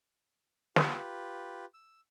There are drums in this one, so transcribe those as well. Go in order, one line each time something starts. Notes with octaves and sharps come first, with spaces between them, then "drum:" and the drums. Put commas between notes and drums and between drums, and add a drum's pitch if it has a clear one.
F4 G4 B4, drum: snare
E6